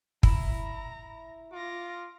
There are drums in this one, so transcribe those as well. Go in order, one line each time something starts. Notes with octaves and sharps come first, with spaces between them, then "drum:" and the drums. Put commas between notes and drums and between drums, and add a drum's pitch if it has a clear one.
E4 A#5, drum: kick
F4 D6 A#6